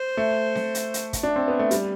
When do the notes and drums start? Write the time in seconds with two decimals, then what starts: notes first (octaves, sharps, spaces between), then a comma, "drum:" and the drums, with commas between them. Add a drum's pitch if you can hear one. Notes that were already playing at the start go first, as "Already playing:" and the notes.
Already playing: C5
0.17 A3
0.55 drum: snare C4
0.75 drum: hi-hat
0.94 drum: hi-hat
1.13 drum: kick, hi-hat
1.23 D4
1.36 C4
1.48 B3
1.59 A3
1.71 G3, drum: hi-hat